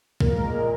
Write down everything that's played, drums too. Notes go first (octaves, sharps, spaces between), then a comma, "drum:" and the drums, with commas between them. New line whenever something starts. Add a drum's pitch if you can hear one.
A#2 A#4, drum: kick
G#3
A#2